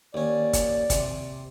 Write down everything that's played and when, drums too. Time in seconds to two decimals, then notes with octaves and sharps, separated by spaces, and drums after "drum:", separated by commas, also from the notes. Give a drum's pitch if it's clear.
0.14 D#2 C#4 D5
0.53 drum: kick, hi-hat
0.90 C3, drum: kick, hi-hat